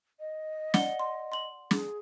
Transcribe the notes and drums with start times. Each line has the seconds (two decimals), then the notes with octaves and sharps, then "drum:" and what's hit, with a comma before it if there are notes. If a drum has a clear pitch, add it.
0.20 D#5
0.74 D5 F#5 G7, drum: snare
0.99 C6
1.32 C6 F#7
1.71 G#4, drum: snare